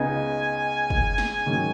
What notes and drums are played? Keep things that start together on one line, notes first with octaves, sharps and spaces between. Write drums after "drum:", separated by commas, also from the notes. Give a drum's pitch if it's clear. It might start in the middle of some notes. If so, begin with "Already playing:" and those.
Already playing: C#2 C#3 B3 D#4 G#5
drum: kick
drum: snare
G#2 D#3 F#3 C#4